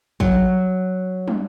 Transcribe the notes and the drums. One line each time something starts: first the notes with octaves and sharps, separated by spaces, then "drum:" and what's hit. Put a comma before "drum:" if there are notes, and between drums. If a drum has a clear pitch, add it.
F#3, drum: kick
drum: tom